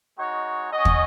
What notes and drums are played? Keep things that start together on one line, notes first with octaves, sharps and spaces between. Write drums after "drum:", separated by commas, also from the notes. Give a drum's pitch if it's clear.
G#3 D#4 F#4 C#5
C#4 F#4 D#5
drum: kick